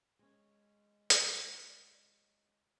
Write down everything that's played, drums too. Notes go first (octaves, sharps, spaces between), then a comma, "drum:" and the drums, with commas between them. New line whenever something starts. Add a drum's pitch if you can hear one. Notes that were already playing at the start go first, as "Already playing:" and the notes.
G#3 C#4
drum: hi-hat